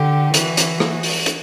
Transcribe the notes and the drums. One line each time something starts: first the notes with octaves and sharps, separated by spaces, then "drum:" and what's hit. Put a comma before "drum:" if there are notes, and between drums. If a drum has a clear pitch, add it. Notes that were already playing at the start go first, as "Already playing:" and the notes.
Already playing: D3 G4
E3 F#4, drum: hi-hat
drum: hi-hat
drum: rim click
drum: open hi-hat
drum: hi-hat